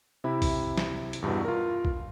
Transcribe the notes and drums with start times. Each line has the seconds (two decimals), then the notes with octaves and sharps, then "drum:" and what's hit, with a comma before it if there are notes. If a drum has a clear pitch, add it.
0.24 C3 E4 B5
0.42 drum: kick B1, open hi-hat
0.78 drum: snare
1.13 drum: hi-hat
1.22 E2 G2 B2 E3
1.45 F4 A#4
1.85 drum: kick B1